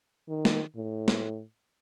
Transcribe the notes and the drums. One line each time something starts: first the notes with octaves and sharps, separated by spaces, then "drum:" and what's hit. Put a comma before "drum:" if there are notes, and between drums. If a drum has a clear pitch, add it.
D#3
drum: snare
A2
drum: snare